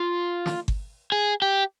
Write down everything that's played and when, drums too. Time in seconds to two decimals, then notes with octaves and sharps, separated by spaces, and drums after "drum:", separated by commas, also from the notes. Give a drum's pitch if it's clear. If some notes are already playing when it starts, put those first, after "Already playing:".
Already playing: F4
0.46 drum: snare
0.68 drum: kick G1
1.12 G#4
1.42 G4